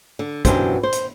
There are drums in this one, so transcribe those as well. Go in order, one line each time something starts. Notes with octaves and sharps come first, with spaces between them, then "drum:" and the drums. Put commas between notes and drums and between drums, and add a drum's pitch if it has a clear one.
D3
F#2 B2 E3 D4 G4 C5, drum: kick, hi-hat
C5
drum: hi-hat